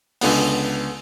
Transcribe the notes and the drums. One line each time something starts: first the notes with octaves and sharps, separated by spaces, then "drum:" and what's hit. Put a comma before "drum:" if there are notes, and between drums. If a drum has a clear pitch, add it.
C#2 D3 B3, drum: open hi-hat